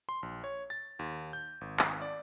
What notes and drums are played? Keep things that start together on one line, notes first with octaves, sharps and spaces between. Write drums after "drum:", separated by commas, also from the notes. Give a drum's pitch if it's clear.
C6
A#1
C#5
A6
D#2
G6
G#1
drum: clap
D5